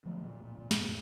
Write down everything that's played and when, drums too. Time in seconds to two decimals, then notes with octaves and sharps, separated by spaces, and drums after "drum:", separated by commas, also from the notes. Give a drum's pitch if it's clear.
0.06 D3 F3 F#3 A3
0.23 A#2
0.44 A#2
0.58 A#2
0.71 G2 B2, drum: snare
0.84 F#2 A2